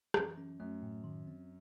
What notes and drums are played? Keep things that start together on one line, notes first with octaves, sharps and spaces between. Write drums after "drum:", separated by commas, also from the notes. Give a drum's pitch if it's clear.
F#2 E3, drum: rim click
C#4
F#2 A3
A2
D#3
C4